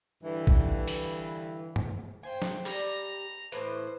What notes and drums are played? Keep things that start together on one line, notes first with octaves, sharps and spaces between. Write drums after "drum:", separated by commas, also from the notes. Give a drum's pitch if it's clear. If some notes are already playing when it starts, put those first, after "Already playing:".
G2 D3 E3
drum: kick
drum: open hi-hat
drum: tom
C5 G5 G#5
drum: snare
G3 A#5, drum: open hi-hat
A2 E3 B4 C5, drum: hi-hat